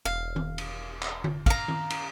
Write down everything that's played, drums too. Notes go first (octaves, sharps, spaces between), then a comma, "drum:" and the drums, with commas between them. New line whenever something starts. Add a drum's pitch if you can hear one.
E1 F5
drum: tom D#3
drum: cymbal
drum: clap
drum: tom D3
F5 A#5, drum: kick, cymbal
drum: tom D#3
drum: cymbal